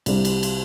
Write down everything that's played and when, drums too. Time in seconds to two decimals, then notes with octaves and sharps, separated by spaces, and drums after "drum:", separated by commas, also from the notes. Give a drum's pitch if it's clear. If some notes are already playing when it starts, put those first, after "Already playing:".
0.06 C2 C3 G3, drum: cymbal
0.25 drum: cymbal
0.43 drum: cymbal